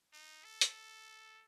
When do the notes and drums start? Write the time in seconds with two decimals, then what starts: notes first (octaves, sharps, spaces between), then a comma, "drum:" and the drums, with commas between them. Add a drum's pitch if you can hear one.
0.13 D#4
0.44 A4
0.61 drum: hi-hat